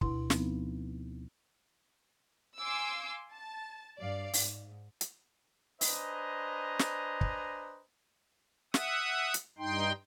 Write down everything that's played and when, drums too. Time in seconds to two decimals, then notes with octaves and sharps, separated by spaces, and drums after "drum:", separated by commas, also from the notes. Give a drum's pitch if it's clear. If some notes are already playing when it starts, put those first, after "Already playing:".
0.01 D2 B2 E4 C6, drum: kick
0.30 F3 B3 C4 D#4, drum: snare
2.60 F5 G#5 C6 D6 E6
3.31 A5
3.98 G2 D5 F5
4.33 G#2, drum: open hi-hat
5.01 drum: hi-hat
5.81 D4 B4 C5 D#5 G#5 A#5, drum: open hi-hat
6.79 drum: snare
7.21 drum: kick
8.74 E5 F#5 D#6, drum: snare
9.34 drum: hi-hat
9.58 G2 D#4 G5 C6